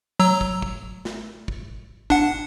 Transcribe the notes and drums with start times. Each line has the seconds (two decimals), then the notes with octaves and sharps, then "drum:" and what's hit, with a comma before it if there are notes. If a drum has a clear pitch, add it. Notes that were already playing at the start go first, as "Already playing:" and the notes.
0.20 F#3 A#5 E6
0.41 drum: kick
0.62 drum: kick
1.05 drum: snare
1.48 drum: kick
2.10 D4 F#5, drum: kick